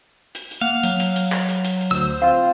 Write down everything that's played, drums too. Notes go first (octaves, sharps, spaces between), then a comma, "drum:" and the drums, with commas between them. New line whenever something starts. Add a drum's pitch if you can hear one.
drum: hi-hat
drum: hi-hat
A#3 F5 F#5
F#3, drum: hi-hat
drum: hi-hat
drum: hi-hat
drum: clap
drum: hi-hat
drum: hi-hat
drum: hi-hat
D2 C5 E6
C4 F4 F5